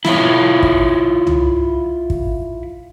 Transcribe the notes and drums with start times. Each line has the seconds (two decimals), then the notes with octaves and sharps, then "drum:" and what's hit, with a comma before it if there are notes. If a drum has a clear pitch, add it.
0.05 E4 F4 C#5, drum: snare
0.63 drum: kick
1.27 drum: tom
2.10 drum: kick